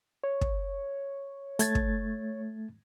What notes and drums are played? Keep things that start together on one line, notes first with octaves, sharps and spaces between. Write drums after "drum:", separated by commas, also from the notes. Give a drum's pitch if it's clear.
C#5
drum: kick
A3 G#6 A6, drum: hi-hat
drum: kick